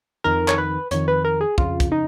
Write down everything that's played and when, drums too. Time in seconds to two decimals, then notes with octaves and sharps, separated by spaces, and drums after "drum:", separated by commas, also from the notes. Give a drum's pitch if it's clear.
0.24 F2 D#3 A#4
0.48 C#5, drum: clap
0.58 B4
0.91 F2 D#3 C#5, drum: hi-hat
1.08 B4
1.25 A#4
1.41 G#4
1.58 F2 C#3 F4, drum: kick
1.80 drum: kick, hi-hat
1.92 D#4